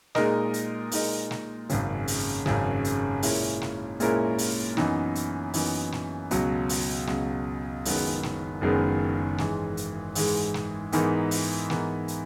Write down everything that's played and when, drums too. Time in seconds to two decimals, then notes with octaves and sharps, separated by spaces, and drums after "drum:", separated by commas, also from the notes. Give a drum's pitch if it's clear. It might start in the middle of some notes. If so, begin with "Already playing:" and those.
0.15 A#2 G#3 D#4 A#4 D#5, drum: snare
0.54 drum: hi-hat
0.92 A#2 G#3 D#4 A#4 D#5, drum: open hi-hat
1.31 drum: snare
1.69 G#1 F#2 C#3, drum: hi-hat
2.08 drum: open hi-hat
2.46 G#1 F#2 C#3, drum: snare
2.85 drum: hi-hat
3.23 A#2 G#3 C#4 E4 A#4, drum: open hi-hat
3.61 drum: snare
4.00 A#2 G#3 C#4 E4 A#4, drum: hi-hat
4.38 drum: open hi-hat
4.77 F#2 E3 B3 D#4, drum: snare
5.15 drum: hi-hat
5.54 F#2 E3 B3 D#4, drum: open hi-hat
5.92 drum: snare
6.31 C#2 B2 F#3, drum: hi-hat
6.69 drum: open hi-hat
7.07 C#2 B2 F#3, drum: snare
7.85 F#1 F#2 D#3 G#3 B3, drum: open hi-hat
8.23 drum: snare
8.61 F#1 F#2 D#3 G#3 B3
9.38 G#2 E3 G#3, drum: snare
9.77 drum: hi-hat
10.15 G#2 E3 G#3, drum: open hi-hat
10.54 drum: snare
10.92 G#2 E3 B3 D#4 A#4, drum: hi-hat
11.31 drum: open hi-hat
11.70 G#2 E3 B3 D#4 A#4, drum: snare
12.08 drum: hi-hat